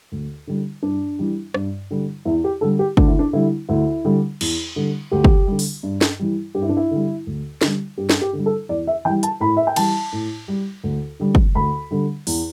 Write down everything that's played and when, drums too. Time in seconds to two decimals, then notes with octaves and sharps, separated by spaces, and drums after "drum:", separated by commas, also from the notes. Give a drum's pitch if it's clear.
0.12 D2
0.47 D3 G3
0.83 G2 D4
1.19 E3 G3
1.54 G2, drum: rim click
1.91 D3 G3
2.25 E2 E4
2.44 G4
2.61 D3 G3 A4
2.79 G4
2.97 D2 D4, drum: kick
3.08 E4
3.19 D4
3.33 D3 G3 E4
3.69 D2 E4
4.05 D3 G3
4.41 E2, drum: cymbal
4.76 D3 G3
5.11 D2 G4
5.24 drum: kick
5.47 D3 G3
5.59 drum: open hi-hat
5.83 G2
6.01 drum: snare
6.19 E3 G3
6.55 G2 G4
6.62 E4
6.69 D4
6.77 E4
6.91 D3 G3
7.27 D2
7.61 D3 G3, drum: snare
7.97 G2 G4
8.10 drum: snare
8.21 G4
8.33 D3
8.38 G3
8.46 A4
8.69 E2 D5
8.87 E5
9.05 E3 G3 G5
9.23 A5, drum: hi-hat
9.40 A2 B5
9.57 E5
9.67 G5
9.76 E3 G3 A5, drum: cymbal
10.12 A2
10.48 G3
10.84 D2
11.20 D3 G3
11.35 drum: kick
11.55 D2 B5
11.91 D3 G3
12.27 E2, drum: open hi-hat